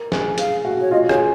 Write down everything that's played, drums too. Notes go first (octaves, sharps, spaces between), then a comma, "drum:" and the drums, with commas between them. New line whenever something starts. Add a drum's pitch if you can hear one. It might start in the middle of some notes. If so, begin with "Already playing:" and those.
Already playing: A#4
G#4, drum: snare
G#4 F5, drum: hi-hat
F#4
C#5
F4 D#5
G#4 C#5, drum: rim click